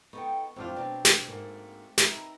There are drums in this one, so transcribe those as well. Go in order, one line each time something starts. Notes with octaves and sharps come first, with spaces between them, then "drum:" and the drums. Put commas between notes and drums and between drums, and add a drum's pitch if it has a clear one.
B3 D#4 A4 G5 C#6
F2 A2 C4 D4 F4 G4
B2 F#3 D4
drum: snare
G#2 A3 A#3 F#4
D#4 B4 E5, drum: snare
A#4